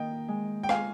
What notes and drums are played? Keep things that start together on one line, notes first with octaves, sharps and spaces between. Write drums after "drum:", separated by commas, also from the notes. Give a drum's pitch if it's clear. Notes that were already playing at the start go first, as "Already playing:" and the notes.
Already playing: D#3 A#3 D#5 G5
G#3
G5
F4 F5 G#5, drum: rim click